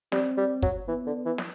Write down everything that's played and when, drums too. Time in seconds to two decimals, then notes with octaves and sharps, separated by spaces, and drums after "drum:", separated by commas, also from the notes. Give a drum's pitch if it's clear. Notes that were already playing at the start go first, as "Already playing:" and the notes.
0.12 G3 C4, drum: snare
0.37 G3
0.62 F#3, drum: kick
0.88 E3 B3
1.06 D3
1.26 E3
1.38 drum: snare